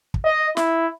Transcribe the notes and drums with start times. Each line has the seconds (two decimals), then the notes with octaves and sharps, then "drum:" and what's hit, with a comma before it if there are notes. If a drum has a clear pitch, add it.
0.14 drum: kick
0.25 D#5
0.57 E4, drum: snare